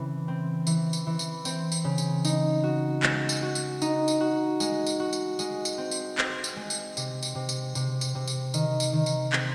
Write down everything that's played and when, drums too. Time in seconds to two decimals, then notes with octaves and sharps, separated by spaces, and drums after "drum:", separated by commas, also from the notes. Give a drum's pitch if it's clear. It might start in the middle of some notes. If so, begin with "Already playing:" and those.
Already playing: C#3 E3 C4
0.28 C4
0.67 E3, drum: tambourine
0.93 drum: tambourine
1.07 E3
1.19 drum: tambourine
1.45 C4, drum: tambourine
1.72 drum: tambourine
1.84 C#3
1.98 drum: tambourine
2.25 D#4, drum: tambourine
2.64 F#4
3.03 G#3, drum: clap
3.29 drum: tambourine
3.43 F#4
3.55 drum: tambourine
3.82 D#4, drum: tambourine
4.08 drum: tambourine
4.21 F#4
4.60 G#3, drum: tambourine
4.86 drum: tambourine
5.00 F#4
5.13 drum: tambourine
5.39 G#3, drum: tambourine
5.65 drum: tambourine
5.78 C4
5.91 drum: tambourine
6.18 C4, drum: clap
6.44 drum: tambourine
6.57 G#3
6.70 drum: tambourine
6.97 C3, drum: tambourine
7.23 drum: tambourine
7.35 C3
7.49 drum: tambourine
7.75 C3, drum: tambourine
8.01 drum: tambourine
8.15 C3
8.28 drum: tambourine
8.54 D#3, drum: tambourine
8.80 drum: tambourine
8.93 D#3
9.06 drum: tambourine
9.33 C4, drum: clap